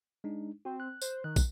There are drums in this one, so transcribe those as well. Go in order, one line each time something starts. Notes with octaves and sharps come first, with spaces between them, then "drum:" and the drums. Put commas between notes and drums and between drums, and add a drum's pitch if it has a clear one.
G#3 D4 D#4
C4 F#4
F#6
C5, drum: tambourine
D#3 F#6
drum: kick, tambourine